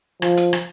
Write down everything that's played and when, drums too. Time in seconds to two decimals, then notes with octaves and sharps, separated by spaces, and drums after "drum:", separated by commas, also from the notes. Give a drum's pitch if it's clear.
0.22 F3, drum: rim click
0.37 drum: hi-hat
0.53 drum: rim click